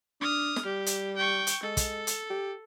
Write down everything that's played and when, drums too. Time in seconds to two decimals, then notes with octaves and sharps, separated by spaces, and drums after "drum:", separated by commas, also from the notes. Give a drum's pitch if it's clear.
0.21 D4 D#6 F6
0.56 drum: snare
0.65 G3 G4
0.86 drum: hi-hat
1.17 G5 C#6
1.47 drum: hi-hat
1.63 G#3 A4
1.77 drum: kick, hi-hat
2.07 drum: hi-hat
2.30 G4